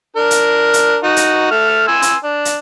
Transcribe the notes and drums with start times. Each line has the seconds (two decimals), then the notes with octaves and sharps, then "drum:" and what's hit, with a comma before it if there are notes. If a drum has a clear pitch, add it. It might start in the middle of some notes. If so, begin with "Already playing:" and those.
0.17 D4 A#4
0.31 drum: hi-hat
0.74 drum: hi-hat
1.04 D#4 F#4
1.16 drum: hi-hat
1.51 A3 F6
1.88 G#5 C6 E6
2.02 drum: hi-hat
2.24 D4
2.45 drum: hi-hat